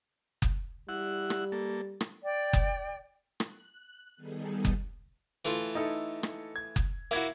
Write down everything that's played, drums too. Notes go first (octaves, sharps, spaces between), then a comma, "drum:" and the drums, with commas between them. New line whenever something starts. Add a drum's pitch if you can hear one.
drum: kick F#1
G3 E4 F#5
drum: rim click
A#3 A4
drum: rim click
D5 G5
drum: kick F#1
F#6, drum: rim click
D#3 G3 B3 D#4 G#4 A4
drum: kick F#1
E3 A3 F4
D#4 E4 A4
drum: rim click
G#6
drum: kick F#1
A#3 E4 F#4 E5 G#6